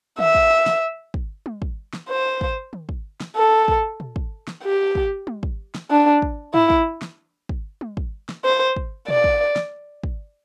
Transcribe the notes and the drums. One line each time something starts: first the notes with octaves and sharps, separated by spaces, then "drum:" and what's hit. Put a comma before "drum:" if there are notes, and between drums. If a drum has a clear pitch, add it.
E5, drum: tom
drum: kick
drum: snare
drum: kick
drum: tom
drum: kick
drum: snare
C5
drum: kick
drum: tom
drum: kick
drum: snare
A4
drum: kick
drum: tom A#2
drum: kick
drum: snare
G4
drum: kick
drum: tom
drum: kick
drum: snare
D4
drum: kick
E4, drum: tom
drum: kick
drum: snare
drum: kick
drum: tom
drum: kick
drum: snare
C5
drum: kick
D5, drum: tom A#2
drum: kick
drum: snare
drum: kick